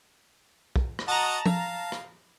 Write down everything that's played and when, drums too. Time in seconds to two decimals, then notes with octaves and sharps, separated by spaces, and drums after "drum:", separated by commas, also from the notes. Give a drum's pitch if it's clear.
0.76 drum: kick
0.99 drum: rim click
1.08 F#4 D#5 F#5 A5 A#5
1.46 F5, drum: tom F3
1.92 drum: rim click